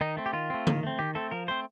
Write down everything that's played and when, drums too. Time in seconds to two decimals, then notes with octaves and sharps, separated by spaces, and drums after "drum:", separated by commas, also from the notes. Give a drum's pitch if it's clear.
0.01 D#3 D#4
0.17 A3 C4
0.26 G4
0.33 D#3 F4
0.50 A3 C4
0.67 D#3, drum: tom D3
0.83 A3 C4
0.99 D#3 G4
1.15 A3 C4 A4
1.31 F3 A#4
1.48 A3 C4 C5